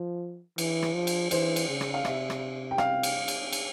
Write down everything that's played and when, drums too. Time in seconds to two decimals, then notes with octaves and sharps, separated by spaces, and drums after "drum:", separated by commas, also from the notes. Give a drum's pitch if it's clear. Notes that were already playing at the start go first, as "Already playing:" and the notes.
Already playing: F3
0.58 E3, drum: cymbal
0.82 drum: rim click
0.94 F3
1.07 drum: cymbal
1.31 E3 C5, drum: cymbal
1.56 drum: cymbal
1.69 C#3
1.81 drum: rim click
1.94 F5
2.05 C3 E5, drum: rim click
2.30 drum: rim click
2.71 G5
2.78 F5, drum: rim click
3.03 drum: cymbal
3.28 drum: cymbal
3.52 drum: cymbal